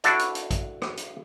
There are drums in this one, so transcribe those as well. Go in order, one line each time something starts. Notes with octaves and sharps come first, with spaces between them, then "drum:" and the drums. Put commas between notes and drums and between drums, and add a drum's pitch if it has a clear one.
D4 E4 F#4 A4 D5, drum: hi-hat
drum: hi-hat
drum: hi-hat
drum: kick A1, hi-hat
drum: rim click
drum: hi-hat